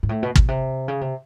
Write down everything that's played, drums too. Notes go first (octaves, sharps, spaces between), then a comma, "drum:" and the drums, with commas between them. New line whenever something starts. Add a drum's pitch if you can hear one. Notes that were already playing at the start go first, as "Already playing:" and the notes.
G#2
A2
B2
B2, drum: kick
C3
C#3
C3